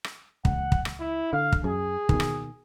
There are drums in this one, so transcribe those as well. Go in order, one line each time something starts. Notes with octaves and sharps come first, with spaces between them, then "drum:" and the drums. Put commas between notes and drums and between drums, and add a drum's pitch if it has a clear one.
drum: rim click
C#2 F#5, drum: kick
drum: kick
drum: rim click
E4
D3 F5
drum: kick
F#2 G#4
B2 D#3, drum: kick
drum: rim click